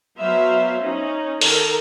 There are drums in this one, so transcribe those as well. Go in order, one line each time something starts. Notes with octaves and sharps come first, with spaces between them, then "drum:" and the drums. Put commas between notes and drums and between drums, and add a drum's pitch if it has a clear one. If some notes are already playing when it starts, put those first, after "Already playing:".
F#3 B3 C5 E5 F5
C#4 D#4
D#3 A4 A#4, drum: open hi-hat